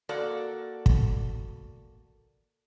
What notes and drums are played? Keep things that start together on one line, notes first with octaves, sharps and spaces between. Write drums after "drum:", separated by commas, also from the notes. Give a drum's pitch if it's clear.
A#3 F#4 A4 D5
drum: kick